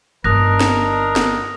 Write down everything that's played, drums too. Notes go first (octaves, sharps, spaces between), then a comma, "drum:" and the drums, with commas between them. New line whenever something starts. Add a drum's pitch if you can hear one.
G1 D4 D#4 A#4 D#6 F#6 A#6
drum: snare
drum: snare